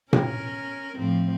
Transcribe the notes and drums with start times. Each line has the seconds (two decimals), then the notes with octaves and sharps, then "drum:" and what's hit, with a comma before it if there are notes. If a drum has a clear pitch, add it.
0.13 C#4 A#4, drum: tom A#2
0.97 A2 F3 C4